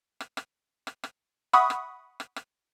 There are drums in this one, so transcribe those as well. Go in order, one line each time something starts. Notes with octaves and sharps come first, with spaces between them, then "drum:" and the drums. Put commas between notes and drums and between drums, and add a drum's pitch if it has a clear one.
drum: rim click
drum: rim click
drum: rim click
drum: rim click
E5 F#5 B5 C#6 D#6, drum: rim click
drum: rim click
drum: rim click
drum: rim click